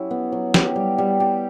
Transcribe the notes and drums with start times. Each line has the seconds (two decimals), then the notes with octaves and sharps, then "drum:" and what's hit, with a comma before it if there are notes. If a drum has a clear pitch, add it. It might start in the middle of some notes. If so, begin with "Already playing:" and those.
Already playing: F#3 C#4 E4 G4
0.11 B3
0.32 F#3
0.54 G4, drum: snare
0.76 G3
0.98 G3
1.20 G4